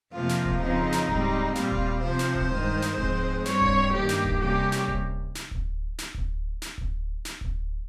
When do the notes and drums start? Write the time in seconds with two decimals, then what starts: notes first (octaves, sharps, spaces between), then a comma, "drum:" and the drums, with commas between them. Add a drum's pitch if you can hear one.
0.13 F2 C3 F3 A#3 F4
0.29 drum: snare
0.45 drum: kick D1
0.61 F2 C#3 F3 C4 D#4
0.93 drum: snare
1.08 G#2 G3 C4, drum: kick D1
1.56 A#2 G3 C4 F4, drum: snare
1.72 drum: kick D1
2.03 C3 F3 C4 C5
2.19 drum: snare
2.35 drum: kick D1
2.51 G2 D#3 G#3
2.82 drum: snare
2.98 G#2 F3 G#3 C4, drum: kick D1
3.46 G2 G3 C4 C#5, drum: snare
3.62 drum: kick D1
3.93 G2 D#3 A#3 G4
4.09 drum: snare
4.25 drum: kick D1
4.40 C3 G3 A#3 C#4 G4
4.72 drum: snare
4.88 drum: kick D1
5.35 drum: snare
5.51 drum: kick D1
5.99 drum: snare
6.15 drum: kick D1
6.62 drum: snare
6.78 drum: kick D1
7.25 drum: snare
7.41 drum: kick D1